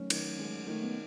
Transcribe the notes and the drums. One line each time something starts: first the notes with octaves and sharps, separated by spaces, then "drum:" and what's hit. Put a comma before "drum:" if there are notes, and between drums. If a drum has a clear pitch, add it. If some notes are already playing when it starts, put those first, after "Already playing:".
Already playing: D#3 F#3 A3 C#4
D#3, drum: cymbal
G#3
D#3 A3
B3